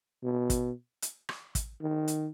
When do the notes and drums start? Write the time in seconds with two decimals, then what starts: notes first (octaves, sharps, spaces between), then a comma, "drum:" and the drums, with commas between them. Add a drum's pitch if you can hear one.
0.24 B2
0.50 drum: kick, hi-hat
1.02 drum: hi-hat
1.29 drum: rim click
1.55 drum: kick, hi-hat
1.82 D#3
2.08 drum: hi-hat